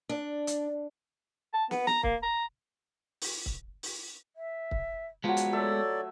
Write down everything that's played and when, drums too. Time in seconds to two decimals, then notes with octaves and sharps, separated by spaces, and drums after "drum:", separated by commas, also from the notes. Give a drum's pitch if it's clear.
0.09 D4
0.47 drum: hi-hat
1.53 A5
1.71 B3, drum: snare
1.87 A#5, drum: snare
2.03 A#3, drum: kick
2.23 A#5
3.21 drum: open hi-hat
3.46 drum: kick
3.83 drum: open hi-hat
4.36 E5
4.71 drum: kick
5.24 F3 F#3 G#3 B3
5.37 drum: hi-hat
5.53 A3 A4 C#5 D5 E5